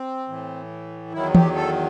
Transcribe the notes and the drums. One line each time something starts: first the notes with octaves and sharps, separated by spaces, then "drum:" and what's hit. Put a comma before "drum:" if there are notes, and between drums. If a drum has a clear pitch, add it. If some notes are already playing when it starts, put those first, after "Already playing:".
Already playing: C4
A2 E3
E2 D#3 F#3 E4
G4, drum: tom E3
A4